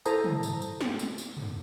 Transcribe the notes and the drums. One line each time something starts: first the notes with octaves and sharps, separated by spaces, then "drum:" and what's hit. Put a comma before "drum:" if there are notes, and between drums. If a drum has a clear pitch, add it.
E4 A4 C5 A5 A#5 D#6, drum: tambourine
drum: tom
drum: tambourine
drum: tambourine
drum: snare
drum: tambourine
drum: tambourine
drum: tom